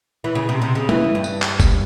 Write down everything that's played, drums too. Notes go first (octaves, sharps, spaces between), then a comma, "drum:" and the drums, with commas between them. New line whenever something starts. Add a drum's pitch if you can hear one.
E3
C#3
C3
C3
C#3
E3, drum: tom
G2
drum: tambourine
drum: clap
drum: kick, tambourine